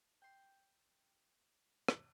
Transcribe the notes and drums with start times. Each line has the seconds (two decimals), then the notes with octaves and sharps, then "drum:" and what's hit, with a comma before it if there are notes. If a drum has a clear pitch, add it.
0.22 G5 C6
1.88 drum: rim click